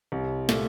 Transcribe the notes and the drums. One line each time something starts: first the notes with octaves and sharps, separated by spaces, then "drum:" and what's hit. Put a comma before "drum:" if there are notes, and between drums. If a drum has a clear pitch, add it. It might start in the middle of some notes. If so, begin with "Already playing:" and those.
C2
A#2 A3, drum: snare